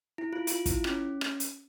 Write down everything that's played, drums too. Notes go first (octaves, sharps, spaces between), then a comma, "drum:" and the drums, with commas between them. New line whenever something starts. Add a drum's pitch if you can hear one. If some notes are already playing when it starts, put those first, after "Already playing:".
E4
F4
F4, drum: hi-hat
E4, drum: kick, hi-hat
C#4, drum: rim click
drum: rim click
drum: hi-hat